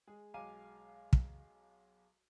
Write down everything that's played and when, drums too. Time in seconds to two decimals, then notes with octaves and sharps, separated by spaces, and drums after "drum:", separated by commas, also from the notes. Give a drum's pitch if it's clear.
0.07 G#3 G#4
0.34 B1 G#3 F5 G#5 D6 D#7
1.13 drum: kick